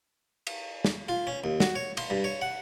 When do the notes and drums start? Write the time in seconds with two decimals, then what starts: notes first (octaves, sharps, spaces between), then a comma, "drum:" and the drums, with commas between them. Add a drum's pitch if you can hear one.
0.47 drum: cymbal
0.85 drum: snare
1.09 F4
1.27 C#4
1.44 D#2
1.60 F#4, drum: snare
1.75 C#5
1.97 C6, drum: cymbal
2.10 G2
2.24 C#5
2.42 F#5